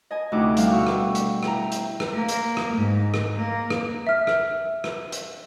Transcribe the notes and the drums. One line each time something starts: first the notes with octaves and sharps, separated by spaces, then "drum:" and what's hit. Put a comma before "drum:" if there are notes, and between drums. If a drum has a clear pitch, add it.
D#5 G#5
D2 C3 D#4 E4 A4 D6
G3 F5, drum: hi-hat
B2 C#6 E6
drum: rim click
drum: hi-hat
E4 G5 A#5, drum: rim click
drum: hi-hat
drum: rim click
A#3
drum: hi-hat
drum: rim click
G#2
drum: rim click
A#3
drum: rim click
E5 F6
drum: rim click
drum: rim click
drum: hi-hat